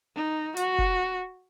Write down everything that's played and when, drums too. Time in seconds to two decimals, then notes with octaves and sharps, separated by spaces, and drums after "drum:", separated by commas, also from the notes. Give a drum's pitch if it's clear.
0.16 D#4
0.57 F#4, drum: hi-hat
0.78 drum: kick F1